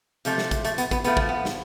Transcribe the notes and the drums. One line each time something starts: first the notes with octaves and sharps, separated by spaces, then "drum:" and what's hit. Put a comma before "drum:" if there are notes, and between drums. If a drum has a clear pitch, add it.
C3 F3 A3, drum: hi-hat
drum: snare
drum: kick, hi-hat
A3, drum: hi-hat
B3, drum: hi-hat
B3, drum: kick, hi-hat
A2 F3 A3 B3, drum: hi-hat
A3, drum: kick
B3
drum: snare